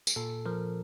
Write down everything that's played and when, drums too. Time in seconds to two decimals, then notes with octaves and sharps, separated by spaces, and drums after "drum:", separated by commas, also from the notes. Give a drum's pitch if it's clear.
0.07 drum: tambourine
0.16 A#2 A4
0.46 F3 A#4